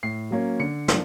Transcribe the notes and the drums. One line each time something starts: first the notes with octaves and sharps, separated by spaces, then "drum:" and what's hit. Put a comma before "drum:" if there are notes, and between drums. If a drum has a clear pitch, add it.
A2 C7
F#3 A#3 C#4
D3 C#7
F3 A#3 D4, drum: snare